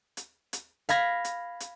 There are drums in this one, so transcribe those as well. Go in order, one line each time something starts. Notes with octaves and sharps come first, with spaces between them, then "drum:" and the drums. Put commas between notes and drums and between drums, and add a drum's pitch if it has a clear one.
drum: hi-hat
drum: hi-hat
F5 B5 G#6 A#6, drum: hi-hat
drum: hi-hat
drum: hi-hat